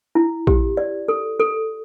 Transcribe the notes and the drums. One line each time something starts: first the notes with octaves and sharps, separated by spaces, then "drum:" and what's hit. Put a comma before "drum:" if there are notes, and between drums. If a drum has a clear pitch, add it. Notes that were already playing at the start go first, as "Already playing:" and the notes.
E4
G4, drum: kick A#1
D5
A4
A4